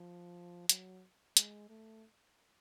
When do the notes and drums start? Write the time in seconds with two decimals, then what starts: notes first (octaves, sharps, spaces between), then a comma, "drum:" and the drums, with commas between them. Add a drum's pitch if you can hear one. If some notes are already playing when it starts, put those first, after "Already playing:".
Already playing: F3
0.69 F#3, drum: hi-hat
1.37 G#3, drum: hi-hat
1.69 A3